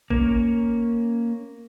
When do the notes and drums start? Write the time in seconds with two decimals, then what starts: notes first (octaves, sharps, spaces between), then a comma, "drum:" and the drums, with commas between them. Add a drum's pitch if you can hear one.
0.10 A#3 C#4, drum: kick